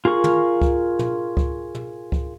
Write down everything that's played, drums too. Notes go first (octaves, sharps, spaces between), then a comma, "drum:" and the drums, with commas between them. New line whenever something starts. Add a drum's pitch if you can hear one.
F4 G#4 A#4 C#6
drum: tom
drum: kick C#2
drum: tom
drum: kick C#2
drum: tom
drum: kick C#2